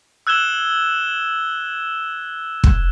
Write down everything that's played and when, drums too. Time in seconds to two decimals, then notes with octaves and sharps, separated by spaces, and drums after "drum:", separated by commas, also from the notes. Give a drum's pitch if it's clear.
0.27 E6 F#6 G#6 E7 G7
2.64 drum: kick